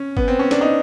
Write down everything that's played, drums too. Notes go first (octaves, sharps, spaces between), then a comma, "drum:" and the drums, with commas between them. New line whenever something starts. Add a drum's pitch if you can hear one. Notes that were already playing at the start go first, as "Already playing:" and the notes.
Already playing: C#4
B3, drum: kick G1
C4
C#4
D4, drum: snare
D#4